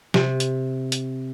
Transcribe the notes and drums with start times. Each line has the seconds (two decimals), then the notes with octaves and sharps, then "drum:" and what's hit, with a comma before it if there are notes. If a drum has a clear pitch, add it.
0.14 C3, drum: snare
0.40 drum: hi-hat
0.92 drum: hi-hat